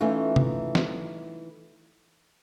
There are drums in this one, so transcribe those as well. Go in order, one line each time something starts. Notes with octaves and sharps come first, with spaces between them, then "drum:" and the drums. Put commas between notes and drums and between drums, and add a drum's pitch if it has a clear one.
E3 A3 C#4 D#4 F4
drum: tom C3
drum: snare